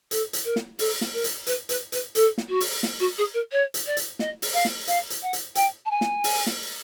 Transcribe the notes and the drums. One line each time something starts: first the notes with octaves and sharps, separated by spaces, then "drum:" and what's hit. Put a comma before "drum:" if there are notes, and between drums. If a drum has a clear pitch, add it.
A4, drum: hi-hat
drum: hi-hat
A#4
drum: snare
A4, drum: open hi-hat
drum: snare
A#4
drum: hi-hat
B4, drum: hi-hat
B4, drum: hi-hat
B4, drum: hi-hat
A4, drum: hi-hat
drum: snare
F#4
drum: open hi-hat
drum: snare
F#4
G#4
A#4
C#5
drum: hi-hat
D5
drum: hi-hat
D#5, drum: snare
drum: open hi-hat
F5
drum: snare
F5, drum: hi-hat
drum: hi-hat
F#5
drum: hi-hat
G5, drum: hi-hat
A5
G#5
drum: snare
drum: open hi-hat
drum: snare